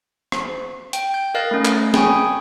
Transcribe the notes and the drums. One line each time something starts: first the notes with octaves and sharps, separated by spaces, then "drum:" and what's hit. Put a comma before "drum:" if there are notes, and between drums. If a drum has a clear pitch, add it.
drum: rim click
G5, drum: hi-hat
G6
A#4 D#5 F5 F#6 A6
A3 C#4
drum: clap
G5 G#5 B5 C#6 D#6, drum: snare